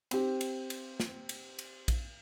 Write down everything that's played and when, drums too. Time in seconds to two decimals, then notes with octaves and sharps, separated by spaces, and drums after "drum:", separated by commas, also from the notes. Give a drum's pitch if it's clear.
0.11 C4 G4, drum: cymbal
0.41 drum: cymbal
0.70 drum: cymbal
1.00 drum: snare
1.29 drum: cymbal
1.59 drum: cymbal
1.88 drum: kick A#1, cymbal